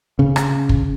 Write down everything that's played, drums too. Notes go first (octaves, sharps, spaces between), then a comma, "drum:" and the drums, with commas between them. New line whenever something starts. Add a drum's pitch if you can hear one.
C#3
drum: rim click
drum: kick